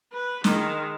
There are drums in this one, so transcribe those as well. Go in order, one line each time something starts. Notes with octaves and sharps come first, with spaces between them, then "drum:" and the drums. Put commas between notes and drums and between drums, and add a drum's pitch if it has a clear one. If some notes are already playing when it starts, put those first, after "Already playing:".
B4
D#3 G#3, drum: snare